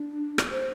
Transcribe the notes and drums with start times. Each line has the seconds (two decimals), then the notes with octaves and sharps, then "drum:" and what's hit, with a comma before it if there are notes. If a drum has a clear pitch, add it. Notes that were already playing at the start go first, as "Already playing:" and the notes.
Already playing: D4
0.38 drum: rim click
0.51 C5